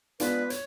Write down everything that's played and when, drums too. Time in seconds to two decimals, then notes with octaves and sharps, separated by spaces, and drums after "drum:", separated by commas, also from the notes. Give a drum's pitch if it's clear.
0.20 G#3 B3 D4 F4 G#4 B4, drum: hi-hat
0.50 C#5, drum: hi-hat